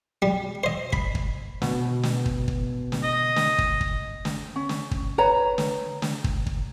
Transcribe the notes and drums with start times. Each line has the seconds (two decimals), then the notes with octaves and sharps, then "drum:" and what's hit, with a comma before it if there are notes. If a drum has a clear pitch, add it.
0.22 G3
0.64 C5 D#5
0.93 B5, drum: kick
1.15 drum: kick
1.62 B2, drum: snare
2.03 drum: snare
2.26 drum: kick
2.48 drum: kick
2.92 drum: snare
3.04 D#5
3.36 drum: snare
3.58 drum: kick
3.81 drum: kick
4.25 drum: snare
4.56 C#4
4.69 drum: snare
4.91 drum: kick
5.18 B4 C#5 A#5
5.58 drum: snare
6.02 drum: snare
6.24 drum: kick
6.46 drum: kick